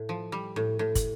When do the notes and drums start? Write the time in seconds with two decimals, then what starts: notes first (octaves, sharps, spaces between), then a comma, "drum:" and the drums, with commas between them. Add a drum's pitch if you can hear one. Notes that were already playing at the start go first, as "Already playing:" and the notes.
Already playing: A2
0.09 F3
0.32 G3
0.56 A2
0.79 A2
0.95 drum: kick, hi-hat